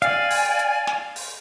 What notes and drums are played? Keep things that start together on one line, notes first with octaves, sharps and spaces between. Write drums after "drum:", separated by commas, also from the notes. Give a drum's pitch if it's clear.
D5 F5 G5 G#5, drum: hi-hat
drum: open hi-hat
drum: hi-hat
drum: snare
drum: open hi-hat